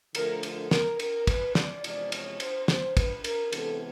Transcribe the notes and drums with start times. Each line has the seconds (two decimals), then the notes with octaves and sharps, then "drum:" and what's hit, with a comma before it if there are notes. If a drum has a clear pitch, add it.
0.15 D3 F3 A3 A#4, drum: cymbal
0.43 A#4, drum: cymbal
0.71 A#4, drum: snare
0.99 A#4, drum: cymbal
1.27 B4, drum: kick, cymbal
1.55 D5, drum: snare
1.84 E2 C3 F3 G#3 D5, drum: cymbal
2.12 C#5, drum: cymbal
2.40 C5, drum: cymbal
2.68 C5, drum: snare
2.97 B4, drum: kick, cymbal
3.24 A#4, drum: cymbal
3.52 C3 E3 G#3 B3 A4, drum: cymbal